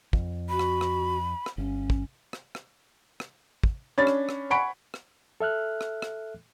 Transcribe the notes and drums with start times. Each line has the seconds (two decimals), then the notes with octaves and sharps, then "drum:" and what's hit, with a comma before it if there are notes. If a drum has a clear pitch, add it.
0.13 F2, drum: kick
0.49 F#4 B5
0.59 drum: rim click
0.81 drum: rim click
1.46 drum: rim click
1.58 G1 C#4
1.90 drum: kick
2.33 drum: rim click
2.55 drum: rim click
3.20 drum: rim click
3.63 drum: kick
3.98 C#4 D4 B5 A6
4.07 drum: rim click
4.29 drum: rim click
4.50 F#5 G#5 B5 C#6 D7
4.94 drum: rim click
5.40 A4 E5 F6 F#6
5.81 drum: rim click
6.02 drum: rim click